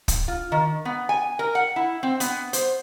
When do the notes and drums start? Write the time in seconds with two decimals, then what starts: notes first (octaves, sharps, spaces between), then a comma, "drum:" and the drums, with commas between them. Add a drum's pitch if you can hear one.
0.08 drum: kick, hi-hat
0.28 F4
0.52 D#3
0.85 B3
1.09 G#5
1.39 A#4
1.55 F#5
1.76 E4
2.03 C4
2.20 B3, drum: hi-hat
2.53 C5, drum: hi-hat